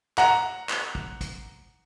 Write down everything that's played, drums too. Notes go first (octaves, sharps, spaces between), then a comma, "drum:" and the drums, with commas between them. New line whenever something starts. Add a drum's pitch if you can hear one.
F#5 A#5, drum: clap
drum: clap
drum: kick
drum: kick, hi-hat